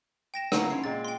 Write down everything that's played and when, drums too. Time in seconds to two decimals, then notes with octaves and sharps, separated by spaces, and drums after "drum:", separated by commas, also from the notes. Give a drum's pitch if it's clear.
0.34 G5 A#6 E7
0.52 C#3 A#3 F#5 A5 E6, drum: rim click
0.70 F3 C#4 E4 C7
0.84 A#2 G#3 C4 A6
1.05 G5 C6